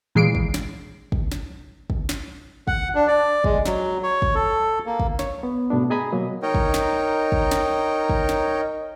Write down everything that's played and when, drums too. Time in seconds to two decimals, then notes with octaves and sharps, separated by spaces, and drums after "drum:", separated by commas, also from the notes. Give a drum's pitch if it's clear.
0.15 A#2 E3 G#3 C7 D7
0.35 drum: kick
0.54 drum: snare
1.12 drum: kick
1.32 drum: snare
1.90 drum: kick
2.09 drum: snare
2.68 F#5, drum: kick
2.95 D4
3.07 D5
3.44 G#3, drum: kick
3.66 F#3, drum: snare
4.03 C#5
4.22 drum: kick
4.35 A4
4.86 A#3
5.00 drum: kick
5.19 C#5, drum: snare
5.43 B3
5.70 G#2 B2 A3 B3 D4
5.90 G#4 D#5 G#5 A#5 B5 D#6
6.12 B2 F#3 A#3
6.43 D#4 A#4 C#5 D#5 G5
6.55 drum: kick
6.74 drum: snare
7.32 drum: kick
7.51 drum: snare
8.10 drum: kick
8.29 drum: snare